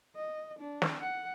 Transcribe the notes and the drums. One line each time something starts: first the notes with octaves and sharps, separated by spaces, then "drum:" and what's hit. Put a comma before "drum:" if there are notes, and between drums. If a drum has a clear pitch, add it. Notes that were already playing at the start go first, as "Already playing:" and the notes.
D#5
D4
drum: snare
F#5